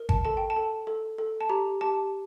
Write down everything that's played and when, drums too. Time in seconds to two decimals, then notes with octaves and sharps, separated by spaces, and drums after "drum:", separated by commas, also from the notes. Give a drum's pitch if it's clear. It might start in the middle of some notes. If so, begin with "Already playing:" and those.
Already playing: A#4
0.09 A5, drum: kick G#1
0.25 A4 A5
0.37 G5
0.50 A5
0.56 A4
0.87 A4
1.18 A4
1.41 A5
1.49 G4 A#5
1.81 G4 A5